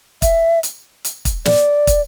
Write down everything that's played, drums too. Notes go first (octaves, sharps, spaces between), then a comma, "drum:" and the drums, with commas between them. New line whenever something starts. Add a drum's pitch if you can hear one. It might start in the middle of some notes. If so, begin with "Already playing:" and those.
E5, drum: kick, hi-hat
drum: hi-hat
drum: hi-hat
drum: kick, hi-hat
D5, drum: snare
drum: kick, hi-hat